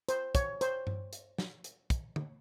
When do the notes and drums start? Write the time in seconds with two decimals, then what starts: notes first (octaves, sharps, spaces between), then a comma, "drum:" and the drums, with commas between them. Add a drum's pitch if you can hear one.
0.09 C5, drum: hi-hat
0.35 C#5, drum: kick, hi-hat
0.61 C5, drum: hi-hat
0.87 drum: tom G2
1.13 drum: hi-hat
1.38 drum: snare
1.64 drum: hi-hat
1.90 drum: kick, hi-hat
2.16 drum: tom